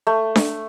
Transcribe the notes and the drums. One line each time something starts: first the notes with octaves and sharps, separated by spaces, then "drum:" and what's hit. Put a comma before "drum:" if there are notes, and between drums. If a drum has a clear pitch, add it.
A3
drum: snare D4